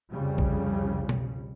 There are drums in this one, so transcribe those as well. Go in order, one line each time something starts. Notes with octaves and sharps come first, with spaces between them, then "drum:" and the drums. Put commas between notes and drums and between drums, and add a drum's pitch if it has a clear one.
C2 F2 C#3 G3
drum: kick A#1
drum: tom B2